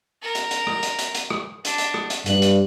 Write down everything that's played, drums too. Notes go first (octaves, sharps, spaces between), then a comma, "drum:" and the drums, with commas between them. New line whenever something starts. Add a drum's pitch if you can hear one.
A#4
drum: hi-hat
drum: hi-hat
drum: rim click
drum: hi-hat
drum: hi-hat
drum: hi-hat
drum: rim click
D4, drum: hi-hat
drum: hi-hat
drum: rim click
drum: hi-hat
G2 F#6, drum: hi-hat
drum: hi-hat